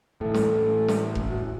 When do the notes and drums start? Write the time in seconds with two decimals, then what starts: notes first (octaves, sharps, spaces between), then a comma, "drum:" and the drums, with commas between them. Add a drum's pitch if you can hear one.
0.21 A2 E3 A3 A4
0.34 drum: snare
0.88 drum: snare
1.15 drum: kick F1
1.29 F#4